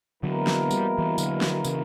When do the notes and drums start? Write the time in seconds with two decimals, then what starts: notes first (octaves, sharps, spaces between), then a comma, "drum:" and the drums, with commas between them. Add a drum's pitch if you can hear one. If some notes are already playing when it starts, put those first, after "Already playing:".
0.23 E2 B2 D3 F#3 A#3 E4 A#4
0.47 drum: snare
0.71 G3, drum: tambourine
0.99 E3 G3
1.18 D3 F#3, drum: tambourine
1.41 drum: snare
1.64 C#3 E3, drum: tambourine